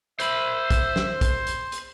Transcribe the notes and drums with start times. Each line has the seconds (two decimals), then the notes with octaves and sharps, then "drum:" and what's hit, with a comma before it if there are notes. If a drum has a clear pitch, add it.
0.20 C5 E5 B5, drum: hi-hat
0.70 drum: kick, hi-hat
0.96 drum: snare
1.21 drum: kick, hi-hat
1.47 drum: hi-hat
1.72 drum: hi-hat